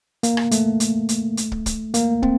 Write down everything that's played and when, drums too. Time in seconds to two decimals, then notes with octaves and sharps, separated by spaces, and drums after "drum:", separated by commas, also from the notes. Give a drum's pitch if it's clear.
0.23 A#3, drum: hi-hat
0.37 drum: rim click
0.51 A3, drum: hi-hat
0.80 drum: hi-hat
1.09 drum: hi-hat
1.37 drum: hi-hat
1.52 drum: kick
1.66 drum: kick, hi-hat
1.94 A#3, drum: hi-hat
2.23 C4, drum: kick